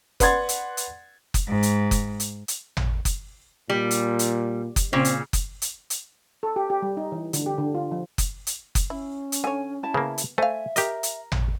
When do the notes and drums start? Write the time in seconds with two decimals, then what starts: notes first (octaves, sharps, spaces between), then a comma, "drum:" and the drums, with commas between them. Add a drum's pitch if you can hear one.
0.20 B4 D5 F#5 C6 G#6 A6, drum: kick F#1, hi-hat
0.49 drum: hi-hat
0.77 drum: hi-hat
1.34 drum: kick F#1, hi-hat
1.48 G#2
1.63 drum: hi-hat
1.91 drum: kick F#1, hi-hat
2.20 drum: hi-hat
2.48 drum: hi-hat
2.77 drum: tom
3.05 drum: kick F#1, hi-hat
3.70 A#2 G3
3.91 drum: hi-hat
4.19 drum: hi-hat
4.76 drum: kick F#1, hi-hat
4.93 A#2 C#3 C4
5.05 drum: hi-hat
5.33 drum: kick F#1, hi-hat
5.62 drum: hi-hat
5.90 drum: hi-hat
6.43 A4
6.56 G4
6.70 G4
6.82 G3
6.97 D#4
7.12 E3
7.33 D3, drum: hi-hat
7.46 G4
7.58 D3
7.75 F4
7.92 F3
8.18 drum: kick F#1, hi-hat
8.47 drum: hi-hat
8.75 drum: kick F#1, hi-hat
8.90 C#4 E4
9.32 drum: hi-hat
9.44 D3 C#5 G#5
9.83 E4 A5
9.94 C#3 A#3 B3
10.18 drum: hi-hat
10.38 A3 C5 E5 F5 G#5
10.76 G4 A#4 D#5, drum: hi-hat
11.03 drum: hi-hat
11.32 drum: tom